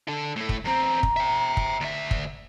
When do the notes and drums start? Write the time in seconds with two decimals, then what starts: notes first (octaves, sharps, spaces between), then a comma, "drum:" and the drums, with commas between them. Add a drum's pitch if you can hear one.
0.09 D3 A4
0.36 A2 A3
0.49 drum: kick
0.65 E2 C4 A#5
1.03 drum: kick
1.17 E5 G5
1.57 drum: kick
1.80 D2 E5
2.11 drum: kick